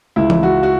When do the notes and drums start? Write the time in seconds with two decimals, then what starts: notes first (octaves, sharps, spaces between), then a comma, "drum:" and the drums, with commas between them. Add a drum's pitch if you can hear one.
0.16 C#2 E4
0.30 drum: tom E3
0.43 F#4
0.63 F#4